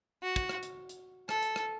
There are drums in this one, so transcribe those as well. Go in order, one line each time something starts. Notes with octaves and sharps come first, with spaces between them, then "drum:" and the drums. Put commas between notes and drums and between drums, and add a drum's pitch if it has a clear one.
F#4
drum: kick, hi-hat
drum: rim click
drum: hi-hat
drum: hi-hat
A4, drum: rim click
drum: hi-hat
drum: rim click